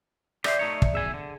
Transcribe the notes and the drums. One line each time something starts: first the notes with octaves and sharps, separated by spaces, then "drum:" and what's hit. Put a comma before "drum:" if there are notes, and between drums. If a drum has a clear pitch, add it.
G4 C5 D5 E5, drum: rim click
A3 D#4 C#5
drum: kick
B1 G#4 E5 G#5
D3